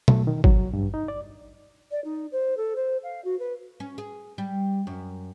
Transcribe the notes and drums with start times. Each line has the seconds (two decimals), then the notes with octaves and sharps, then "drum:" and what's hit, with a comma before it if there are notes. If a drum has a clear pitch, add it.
0.08 A3, drum: tom B2
0.27 D#3
0.44 F#3, drum: kick
0.73 G2
0.94 D#4
1.08 D5
1.91 D5
2.04 D#4
2.32 C5
2.57 A4
2.76 C5
3.03 F5
3.24 F#4
3.39 B4
3.80 C#4
3.98 G#4
4.38 G3
4.87 F#2